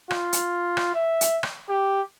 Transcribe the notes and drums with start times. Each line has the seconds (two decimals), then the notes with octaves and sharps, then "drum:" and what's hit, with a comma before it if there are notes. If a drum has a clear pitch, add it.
0.11 F4, drum: rim click
0.33 drum: hi-hat
0.77 drum: rim click
0.94 E5
1.21 drum: hi-hat
1.43 drum: rim click
1.69 G4